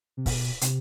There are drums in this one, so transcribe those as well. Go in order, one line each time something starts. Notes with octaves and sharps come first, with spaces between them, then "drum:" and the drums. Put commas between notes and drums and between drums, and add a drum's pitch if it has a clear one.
C3
B2, drum: kick, open hi-hat
C3, drum: hi-hat